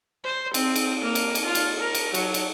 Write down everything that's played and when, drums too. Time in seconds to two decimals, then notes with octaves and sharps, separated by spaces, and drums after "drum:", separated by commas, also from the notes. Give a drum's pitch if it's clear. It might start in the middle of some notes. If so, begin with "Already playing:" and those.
0.24 C5
0.54 C4, drum: cymbal
0.76 drum: cymbal
1.02 A#3
1.15 drum: cymbal
1.35 drum: cymbal
1.46 F4
1.55 drum: cymbal
1.80 A#4
1.95 drum: cymbal
2.14 F#3, drum: cymbal
2.34 drum: cymbal